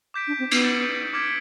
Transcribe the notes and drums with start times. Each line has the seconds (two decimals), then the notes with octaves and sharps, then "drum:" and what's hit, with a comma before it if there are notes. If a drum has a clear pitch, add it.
0.14 D6 G6 B6 D7
0.27 D4
0.39 C4
0.51 B3, drum: cymbal
0.64 A6 C#7 F#7
1.14 D6 F6 G#6 B6 D7